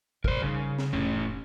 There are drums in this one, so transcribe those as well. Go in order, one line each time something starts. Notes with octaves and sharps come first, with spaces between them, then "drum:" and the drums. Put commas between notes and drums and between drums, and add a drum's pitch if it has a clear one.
A2 C3 A#4 C5, drum: kick
C#3 G3 D#4
drum: snare
F1 A2 C#4 D4